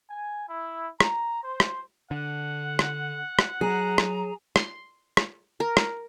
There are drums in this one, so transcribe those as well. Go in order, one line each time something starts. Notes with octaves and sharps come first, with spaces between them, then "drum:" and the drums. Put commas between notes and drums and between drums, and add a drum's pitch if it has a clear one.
G#5
E4
A#5, drum: rim click
C5
drum: rim click
D3 F#5
drum: rim click
drum: rim click
F#3 G#4 A#5
drum: rim click
C6, drum: rim click
drum: rim click
A#4
drum: rim click